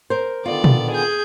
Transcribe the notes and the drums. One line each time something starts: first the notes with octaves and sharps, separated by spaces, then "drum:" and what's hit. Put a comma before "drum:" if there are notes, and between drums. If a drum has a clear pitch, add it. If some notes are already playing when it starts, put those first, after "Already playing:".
A#4 C5
D3 D#3 B3 F4 D5
drum: tom A#2
G#4 G6